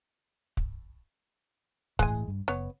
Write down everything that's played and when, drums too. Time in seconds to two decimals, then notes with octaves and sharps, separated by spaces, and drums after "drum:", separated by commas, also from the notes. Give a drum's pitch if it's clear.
0.57 drum: kick
1.99 A2 E3 G#3 G#5, drum: kick
2.28 G2
2.48 F#1 B3 C#5